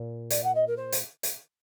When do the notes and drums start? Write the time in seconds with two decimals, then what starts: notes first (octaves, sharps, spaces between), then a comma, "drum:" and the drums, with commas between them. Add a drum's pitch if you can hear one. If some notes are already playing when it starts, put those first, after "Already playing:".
Already playing: A#2
0.30 D5, drum: hi-hat
0.43 F#5
0.55 D#5
0.67 A#4
0.76 C5
0.92 drum: hi-hat
1.23 drum: hi-hat